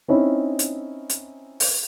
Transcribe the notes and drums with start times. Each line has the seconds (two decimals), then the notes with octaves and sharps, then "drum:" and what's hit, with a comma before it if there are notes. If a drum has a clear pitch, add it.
0.08 C4 C#4 D#4 E4
0.59 drum: hi-hat
1.09 drum: hi-hat
1.60 drum: open hi-hat